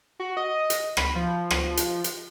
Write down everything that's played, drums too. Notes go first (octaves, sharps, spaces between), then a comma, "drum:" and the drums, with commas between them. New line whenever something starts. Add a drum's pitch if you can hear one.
F#4
D#5
drum: hi-hat
B5, drum: rim click
F3
drum: rim click
drum: hi-hat
drum: hi-hat